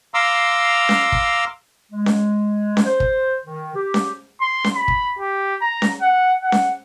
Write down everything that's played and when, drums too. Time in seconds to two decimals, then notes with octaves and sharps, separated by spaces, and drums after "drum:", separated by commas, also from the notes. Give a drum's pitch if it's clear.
0.14 F5 A#5 C6 D6 E6
0.89 drum: snare C#4
1.12 drum: kick
1.92 G#3
2.06 drum: snare C#4
2.77 drum: snare C#4
2.86 C5
3.00 drum: kick
3.45 D#3
3.75 G4
3.94 drum: snare C#4
4.41 C6
4.64 drum: snare C#4
4.76 B5
4.88 drum: kick
5.19 G4
5.61 A#5
5.82 drum: snare C#4
6.02 F#5
6.43 F#5
6.52 drum: snare C#4